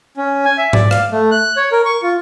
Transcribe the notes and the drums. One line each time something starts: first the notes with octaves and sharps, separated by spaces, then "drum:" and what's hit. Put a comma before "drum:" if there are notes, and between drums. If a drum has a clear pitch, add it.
C#4
G#5
E5
D5, drum: tom G#2
F5, drum: rim click
A3
F#6
C#5
A#4
C#6
F4